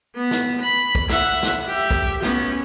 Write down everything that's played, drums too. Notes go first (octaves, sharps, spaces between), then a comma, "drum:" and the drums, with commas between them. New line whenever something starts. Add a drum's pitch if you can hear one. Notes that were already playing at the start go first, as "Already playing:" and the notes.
B3
drum: snare
B5
drum: kick
E5 F#5, drum: snare
drum: snare
G4 E5
drum: kick
B3 C#4, drum: snare